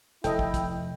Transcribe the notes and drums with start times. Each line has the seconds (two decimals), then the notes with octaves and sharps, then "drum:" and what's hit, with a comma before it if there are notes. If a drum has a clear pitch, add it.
0.24 F1 E4 A4 D#5 G5, drum: hi-hat
0.39 drum: kick
0.54 drum: kick, hi-hat